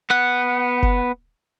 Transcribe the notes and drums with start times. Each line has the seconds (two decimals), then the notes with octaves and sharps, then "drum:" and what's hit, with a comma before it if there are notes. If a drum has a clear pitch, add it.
0.10 B3 F#5
0.83 drum: kick F#1